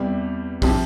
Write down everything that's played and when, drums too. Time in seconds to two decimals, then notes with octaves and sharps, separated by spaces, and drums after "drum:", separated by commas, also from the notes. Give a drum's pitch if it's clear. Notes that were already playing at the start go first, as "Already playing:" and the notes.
Already playing: E2 C3 G3
0.62 C3 F3 C4 G4, drum: kick A1, open hi-hat